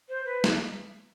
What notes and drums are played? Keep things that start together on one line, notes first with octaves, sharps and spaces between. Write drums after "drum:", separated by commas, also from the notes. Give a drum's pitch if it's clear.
C5
B4
drum: snare